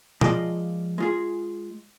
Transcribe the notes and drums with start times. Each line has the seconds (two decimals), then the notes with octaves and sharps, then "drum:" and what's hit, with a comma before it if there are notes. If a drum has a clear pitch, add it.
0.21 F3 G#3 F4 A#4 D5 D#5, drum: tom B2
0.98 G#3 F4 G#4